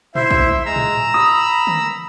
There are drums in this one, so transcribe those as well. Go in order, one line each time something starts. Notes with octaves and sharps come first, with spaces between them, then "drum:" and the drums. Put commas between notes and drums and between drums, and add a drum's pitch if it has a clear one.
E4 C5 E5, drum: tom A2
drum: kick
G#3 A#5 E6
drum: tom A2
B5 D#6
drum: tom D3